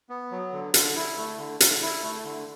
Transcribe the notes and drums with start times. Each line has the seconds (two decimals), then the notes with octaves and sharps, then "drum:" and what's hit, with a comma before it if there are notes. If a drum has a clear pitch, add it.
0.09 B3
0.31 F#3
0.53 D3
0.74 D3, drum: hi-hat
0.96 E4
1.17 A3
1.38 D3
1.60 D3, drum: hi-hat
1.82 E4
2.03 A3
2.24 D3